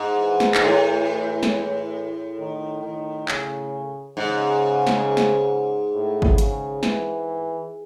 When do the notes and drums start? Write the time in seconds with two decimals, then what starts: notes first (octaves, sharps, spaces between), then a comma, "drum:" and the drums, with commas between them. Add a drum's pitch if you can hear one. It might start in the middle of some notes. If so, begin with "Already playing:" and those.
Already playing: G#2
0.17 E3
0.40 drum: snare
0.55 G#2, drum: clap
0.62 A2
1.43 drum: snare
2.40 D#3
2.84 D#3
3.28 C#3, drum: clap
4.17 G#2 C#3
4.87 drum: snare
5.17 drum: snare
5.94 A2
6.22 drum: kick G#1
6.38 C#3, drum: hi-hat
6.83 E3, drum: snare